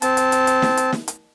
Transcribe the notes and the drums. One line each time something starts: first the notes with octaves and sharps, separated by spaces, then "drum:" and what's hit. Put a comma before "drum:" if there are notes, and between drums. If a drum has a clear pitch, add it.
C4 A5, drum: hi-hat
drum: hi-hat
drum: hi-hat
drum: hi-hat
drum: snare
drum: hi-hat
drum: snare
drum: hi-hat